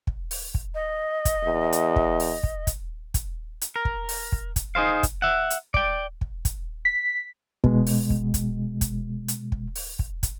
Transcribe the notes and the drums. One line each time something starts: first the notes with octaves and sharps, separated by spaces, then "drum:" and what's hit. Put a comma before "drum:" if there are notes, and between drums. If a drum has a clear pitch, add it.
drum: kick
drum: open hi-hat
drum: kick
D#5
drum: kick, hi-hat
E2
drum: hi-hat
drum: kick
drum: open hi-hat
drum: kick
drum: kick, hi-hat
drum: kick, hi-hat
drum: hi-hat
A#4
drum: kick
drum: open hi-hat
drum: kick
drum: kick, hi-hat
D#4 G#4 C5 F5
drum: kick, hi-hat
E5 F#5
drum: hi-hat
D5 G5, drum: kick
drum: kick
drum: kick, hi-hat
B6
B2 G#3, drum: kick
drum: open hi-hat
drum: kick
drum: kick, hi-hat
drum: kick, hi-hat
drum: hi-hat
drum: kick
drum: open hi-hat
drum: kick
drum: kick, hi-hat